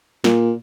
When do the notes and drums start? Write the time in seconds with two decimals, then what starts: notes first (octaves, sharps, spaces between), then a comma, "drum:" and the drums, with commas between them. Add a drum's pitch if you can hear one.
0.24 A#2, drum: snare